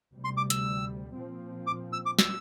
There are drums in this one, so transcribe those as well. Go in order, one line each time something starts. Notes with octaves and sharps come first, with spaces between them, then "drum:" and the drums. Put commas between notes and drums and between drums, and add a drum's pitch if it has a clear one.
D2 C3 G3
C6
D6
E6, drum: hi-hat
A#2 F3 C4
D6
E6
D6
E6, drum: snare